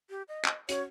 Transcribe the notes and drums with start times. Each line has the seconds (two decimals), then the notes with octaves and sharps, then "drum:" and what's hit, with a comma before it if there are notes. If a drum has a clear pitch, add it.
0.10 G4
0.28 D#5
0.45 drum: clap
0.69 C#4 F#4 C#5, drum: hi-hat